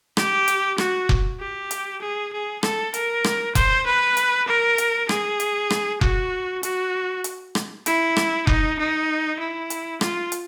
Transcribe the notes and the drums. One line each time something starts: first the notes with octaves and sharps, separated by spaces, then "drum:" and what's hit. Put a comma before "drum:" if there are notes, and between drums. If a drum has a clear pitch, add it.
G4, drum: rim click
drum: hi-hat
F#4, drum: rim click
drum: kick F1
G4
drum: hi-hat
G#4
G#4
A4, drum: rim click
A#4, drum: hi-hat
drum: rim click
C5, drum: kick F1, hi-hat
B4
drum: hi-hat
A#4
drum: hi-hat
G#4, drum: rim click
drum: hi-hat
drum: rim click
F#4, drum: kick F1
F#4, drum: hi-hat
drum: hi-hat
drum: rim click
E4, drum: hi-hat
drum: rim click
D#4, drum: kick F1
D#4
E4
drum: hi-hat
F4, drum: rim click
drum: hi-hat